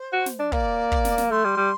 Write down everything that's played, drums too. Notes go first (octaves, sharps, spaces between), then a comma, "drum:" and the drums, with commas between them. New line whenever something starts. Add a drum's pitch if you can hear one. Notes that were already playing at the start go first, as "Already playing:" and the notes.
Already playing: C5
F#4
drum: snare
D4
A#3 D5, drum: kick
drum: kick
drum: snare
drum: snare
A3 C6
G3
G3